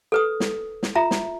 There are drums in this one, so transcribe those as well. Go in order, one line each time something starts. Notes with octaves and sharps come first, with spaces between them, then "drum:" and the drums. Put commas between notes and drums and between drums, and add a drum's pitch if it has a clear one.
A4 B4 D#6
drum: snare
drum: snare
F4 E5 A#5
drum: snare